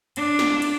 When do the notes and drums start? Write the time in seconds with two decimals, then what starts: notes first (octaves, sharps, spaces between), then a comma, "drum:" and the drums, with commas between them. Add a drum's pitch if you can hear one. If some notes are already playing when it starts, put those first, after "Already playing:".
0.16 D4, drum: cymbal
0.39 drum: snare
0.62 drum: cymbal